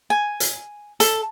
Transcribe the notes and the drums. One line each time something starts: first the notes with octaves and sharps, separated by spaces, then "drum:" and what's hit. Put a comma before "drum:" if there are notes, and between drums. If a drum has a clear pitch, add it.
G#5
drum: hi-hat
A4, drum: hi-hat